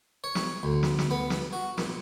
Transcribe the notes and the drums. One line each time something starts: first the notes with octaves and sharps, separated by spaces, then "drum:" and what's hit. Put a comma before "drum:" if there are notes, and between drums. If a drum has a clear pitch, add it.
C#5
drum: snare
D2
drum: snare
drum: snare
B3
drum: snare
F#4
A#2, drum: snare